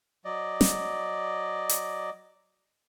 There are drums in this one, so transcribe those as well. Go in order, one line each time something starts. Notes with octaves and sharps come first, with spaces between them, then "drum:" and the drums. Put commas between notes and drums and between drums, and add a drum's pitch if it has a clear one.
F#3 D5 D#5
drum: snare
drum: hi-hat